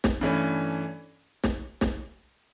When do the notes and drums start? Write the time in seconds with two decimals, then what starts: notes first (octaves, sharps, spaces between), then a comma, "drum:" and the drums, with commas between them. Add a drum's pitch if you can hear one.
0.04 drum: snare
0.21 G2 E3 A3 C#4
1.44 drum: snare
1.81 drum: snare